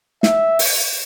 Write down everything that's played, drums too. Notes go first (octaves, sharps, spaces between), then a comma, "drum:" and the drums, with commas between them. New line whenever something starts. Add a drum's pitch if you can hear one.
E5, drum: snare
drum: open hi-hat